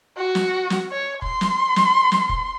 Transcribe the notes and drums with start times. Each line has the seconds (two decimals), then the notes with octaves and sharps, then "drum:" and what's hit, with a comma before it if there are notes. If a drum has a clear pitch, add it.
0.17 F#4
0.35 drum: snare
0.70 drum: snare
0.91 C#5
1.22 C6, drum: kick
1.41 drum: snare
1.76 drum: snare
2.12 drum: snare
2.29 drum: kick